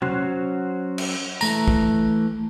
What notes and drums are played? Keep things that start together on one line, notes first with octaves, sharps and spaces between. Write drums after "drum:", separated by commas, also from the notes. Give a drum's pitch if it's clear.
F#3 C#4 F#4 C5, drum: tom C3
drum: cymbal
E3 A3 A#5, drum: tambourine
drum: kick